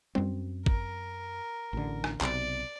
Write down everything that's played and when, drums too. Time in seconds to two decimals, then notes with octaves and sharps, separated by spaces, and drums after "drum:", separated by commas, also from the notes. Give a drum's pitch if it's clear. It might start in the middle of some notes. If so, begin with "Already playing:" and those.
0.15 F#2 C4, drum: tom G3
0.66 A#4, drum: kick
1.73 A1 D3
2.04 drum: rim click
2.21 B1 C3 D5, drum: clap